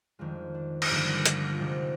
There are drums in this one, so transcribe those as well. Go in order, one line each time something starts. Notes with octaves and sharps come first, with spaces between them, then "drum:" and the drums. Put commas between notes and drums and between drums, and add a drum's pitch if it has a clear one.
F2 D#3 G#3 D4 F4
D4
D#4, drum: cymbal
G2 D3 F3 A#3 D4 F4
D4 F4, drum: hi-hat
F4
C3 F3 G#3 D#4 G4